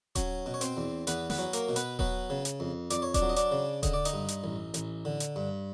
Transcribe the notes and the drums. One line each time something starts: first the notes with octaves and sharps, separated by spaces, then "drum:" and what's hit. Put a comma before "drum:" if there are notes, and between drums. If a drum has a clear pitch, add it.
F#3 C#4 C#5, drum: kick D#1, hi-hat
B2
C#5
C4 C5, drum: hi-hat
E2
E2 B3 B4, drum: hi-hat
B3 B4, drum: snare
F#3
A#3 A#4, drum: hi-hat
B2
B3 B4, drum: hi-hat
F#3 B3 B4, drum: kick D#1
C#3
drum: hi-hat
F2
F2 D5, drum: hi-hat
C#5
D4 D5, drum: kick D#1, hi-hat
F#3
D#5
D4 D5, drum: hi-hat
C#3
D3 D#5, drum: kick D#1, hi-hat
D5
D#4 D#5, drum: hi-hat
G2
drum: hi-hat
A1
A1, drum: hi-hat
D3
drum: hi-hat
G2